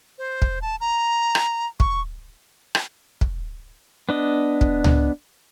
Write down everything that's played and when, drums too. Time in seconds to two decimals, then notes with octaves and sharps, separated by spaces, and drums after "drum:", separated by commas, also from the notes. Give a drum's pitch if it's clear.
0.18 C5
0.42 drum: kick
0.62 A5
0.80 A#5
1.35 drum: rim click
1.80 C#6, drum: kick
2.75 drum: rim click
3.21 drum: kick
4.09 B3 D4 D#5
4.61 drum: kick
4.84 drum: tom C#2